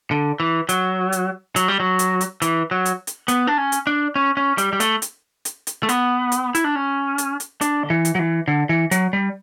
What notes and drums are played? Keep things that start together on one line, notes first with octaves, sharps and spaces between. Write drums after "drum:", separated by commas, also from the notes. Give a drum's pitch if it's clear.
D3
E3
F#3, drum: hi-hat
drum: hi-hat
F#3, drum: hi-hat
G3
F#3
drum: hi-hat
drum: hi-hat
E3, drum: hi-hat
F#3
drum: hi-hat
drum: hi-hat
B3, drum: hi-hat
D4
C#4
drum: hi-hat
D4
C#4
C#4
G3, drum: hi-hat
G3
A3, drum: hi-hat
drum: hi-hat
drum: hi-hat
drum: hi-hat
A3
B3, drum: hi-hat
drum: hi-hat
E4, drum: hi-hat
D4
C#4
drum: hi-hat
drum: hi-hat
D4, drum: hi-hat
D3
E3
drum: hi-hat
F#3
E3
D3
E3
F#3, drum: hi-hat
G3